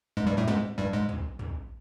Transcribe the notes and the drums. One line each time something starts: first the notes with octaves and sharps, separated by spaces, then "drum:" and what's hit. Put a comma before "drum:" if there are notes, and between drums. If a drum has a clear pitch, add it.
G#2 G#3
G2 G3
A2 A3
G#2 G#3, drum: snare
G2 G3
G#2 G#3
drum: tom
drum: tom